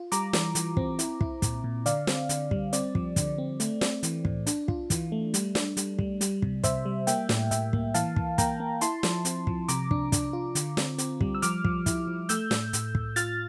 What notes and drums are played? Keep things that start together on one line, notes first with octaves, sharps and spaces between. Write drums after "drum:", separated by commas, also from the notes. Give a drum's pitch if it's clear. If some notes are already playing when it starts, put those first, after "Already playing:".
Already playing: F4
G3 A#5 D6, drum: hi-hat
E3, drum: snare
E3, drum: hi-hat
C4, drum: kick
E4, drum: hi-hat
E4, drum: kick
A#2, drum: kick, hi-hat
A#2
D3 D5 F5, drum: hi-hat
C4, drum: snare
D3, drum: hi-hat
G3, drum: kick
C4 D5, drum: hi-hat
F3, drum: kick
D3, drum: kick, hi-hat
C4
A3, drum: hi-hat
C4, drum: snare
E3, drum: hi-hat
A2, drum: kick
D4, drum: hi-hat
F4, drum: kick
E3, drum: kick, hi-hat
A3
G3, drum: hi-hat
D4, drum: snare
G3, drum: hi-hat
G3, drum: kick
G3, drum: hi-hat
C3, drum: kick
C3 C5 E5, drum: kick, hi-hat
G3
A#3 E5 G5, drum: hi-hat
A2, drum: snare
A2 E5 G5, drum: hi-hat
A#3, drum: kick
E3 F5 A5, drum: hi-hat
E3, drum: kick
A#3 G5 A#5, drum: kick, hi-hat
A#3
E4 A5 C6, drum: hi-hat
F3, drum: snare
C4, drum: hi-hat
F3, drum: kick
C3 A#5 D6, drum: hi-hat
D4, drum: kick
D4, drum: kick, hi-hat
F4
D3, drum: hi-hat
C4, drum: snare
C4, drum: hi-hat
G3, drum: kick
E6
F3 D6 F6, drum: hi-hat
F3, drum: kick
E4, drum: kick, hi-hat
F3
A3 E6 G6, drum: hi-hat
A2, drum: snare
A2, drum: hi-hat
A2, drum: kick
F4 F6 A6, drum: hi-hat